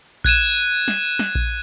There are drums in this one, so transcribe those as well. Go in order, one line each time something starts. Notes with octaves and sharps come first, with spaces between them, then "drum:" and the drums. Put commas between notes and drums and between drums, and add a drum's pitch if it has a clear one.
F#6 G#6 D#7 E7, drum: kick A#1
drum: snare
drum: snare
drum: kick A#1